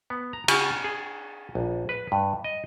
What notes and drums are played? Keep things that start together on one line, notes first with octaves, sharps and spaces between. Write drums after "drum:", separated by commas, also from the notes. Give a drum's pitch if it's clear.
B3
A#5
C#3, drum: cymbal
G#4
A#1
B4
G2
D#5